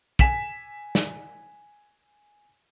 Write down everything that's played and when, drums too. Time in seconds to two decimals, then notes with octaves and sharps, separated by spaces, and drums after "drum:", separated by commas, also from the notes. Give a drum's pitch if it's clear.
0.19 G#5 B6 E7, drum: kick
0.95 drum: snare